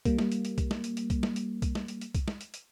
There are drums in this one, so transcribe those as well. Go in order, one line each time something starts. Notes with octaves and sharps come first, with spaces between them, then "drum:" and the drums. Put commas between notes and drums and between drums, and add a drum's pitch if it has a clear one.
G3 A#3, drum: kick, hi-hat
drum: snare
drum: hi-hat
drum: hi-hat
drum: kick, hi-hat
drum: snare
drum: hi-hat
drum: hi-hat
drum: kick, hi-hat
drum: snare
drum: hi-hat
drum: kick, hi-hat
drum: snare
drum: hi-hat
drum: hi-hat
drum: kick, hi-hat
drum: snare
drum: hi-hat
drum: hi-hat